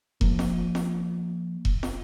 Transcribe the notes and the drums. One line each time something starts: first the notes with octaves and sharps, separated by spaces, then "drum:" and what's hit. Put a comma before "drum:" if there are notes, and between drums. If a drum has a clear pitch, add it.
F3 A#3, drum: kick E1
drum: snare
drum: snare
drum: kick E1
drum: snare